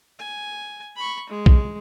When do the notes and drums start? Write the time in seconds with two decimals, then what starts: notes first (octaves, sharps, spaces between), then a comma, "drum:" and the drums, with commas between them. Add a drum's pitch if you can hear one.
0.19 G#5
0.96 B5 C#6
1.30 G#3
1.46 drum: kick